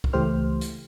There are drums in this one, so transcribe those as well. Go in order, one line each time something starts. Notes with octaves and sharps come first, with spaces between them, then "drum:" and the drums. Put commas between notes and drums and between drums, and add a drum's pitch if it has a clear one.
drum: kick C2
C#2 E3 A3 G4 C5 F6
drum: hi-hat